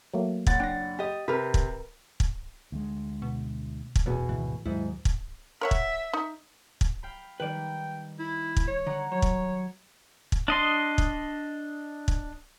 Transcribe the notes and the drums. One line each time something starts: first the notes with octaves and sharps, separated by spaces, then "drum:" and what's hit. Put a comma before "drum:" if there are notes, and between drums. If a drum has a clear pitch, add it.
F#3 A3 A#3
F#1 F#5 A6, drum: kick
D4 G5 A#6
G4 D#5
C3 A#4 B4
drum: kick
drum: kick
D2 G#3
B2
drum: kick
E2 B2 F#4 G#4
G#1 D2 A2 E3
D#2 G#2 F#3 E4
drum: kick
A#4 C#5 E5 F#5
drum: kick
D#4
drum: kick
F5 G5 B5
D#3 G3 B4 D5 G5
E4
drum: kick
C#5
D3 F#5 A#5
F#3 C#5
drum: kick
drum: kick
D4 D#5 C6
drum: kick
drum: kick